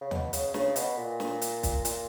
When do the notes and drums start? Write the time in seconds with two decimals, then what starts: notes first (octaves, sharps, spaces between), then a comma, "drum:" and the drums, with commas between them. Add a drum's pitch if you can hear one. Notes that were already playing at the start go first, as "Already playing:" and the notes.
0.01 C#3
0.11 B2, drum: tom D#2
0.33 C#3, drum: hi-hat
0.54 C#3, drum: snare
0.76 B2, drum: hi-hat
0.98 A#2
1.20 drum: snare
1.42 drum: hi-hat
1.63 drum: kick, hi-hat
1.85 A#2, drum: hi-hat